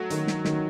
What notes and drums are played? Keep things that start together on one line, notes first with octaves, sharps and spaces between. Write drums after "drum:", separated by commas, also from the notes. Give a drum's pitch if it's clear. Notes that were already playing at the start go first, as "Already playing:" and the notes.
Already playing: F#3 A3
D#3, drum: hi-hat
drum: snare
D#3, drum: snare